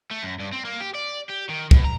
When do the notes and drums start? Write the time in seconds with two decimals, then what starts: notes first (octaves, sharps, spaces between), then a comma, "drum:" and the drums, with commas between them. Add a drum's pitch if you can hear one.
0.11 A3
0.23 F#2
0.40 G2
0.52 C4
0.65 A#3
0.80 G4
0.95 D5
1.30 G4
1.50 D#3
1.71 B2, drum: kick
1.84 A#5